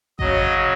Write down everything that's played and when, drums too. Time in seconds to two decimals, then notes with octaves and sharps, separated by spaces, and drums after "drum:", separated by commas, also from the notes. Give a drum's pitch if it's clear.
0.19 C#3 F#3 D#5, drum: kick G#1